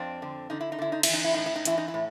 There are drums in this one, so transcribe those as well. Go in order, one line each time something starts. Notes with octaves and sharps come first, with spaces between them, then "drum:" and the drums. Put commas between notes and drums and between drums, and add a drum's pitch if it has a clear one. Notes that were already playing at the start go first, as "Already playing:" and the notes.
Already playing: F2 C4 D4
D3
D3 D#4
E4
D#4
D3 E4
D#4
E4, drum: cymbal
E3
D#4
E4
A2 D#4
E4
D#4
E3 E4, drum: hi-hat
D#4
E4
A2